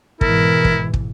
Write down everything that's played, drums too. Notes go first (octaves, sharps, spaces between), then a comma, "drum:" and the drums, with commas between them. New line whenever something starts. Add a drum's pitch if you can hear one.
G#2 B2 E3 E4 A#4, drum: kick
drum: kick
drum: kick